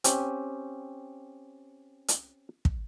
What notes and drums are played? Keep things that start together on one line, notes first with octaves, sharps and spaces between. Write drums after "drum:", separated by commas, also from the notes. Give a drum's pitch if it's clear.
C4 C#4 G4, drum: hi-hat
drum: hi-hat
drum: kick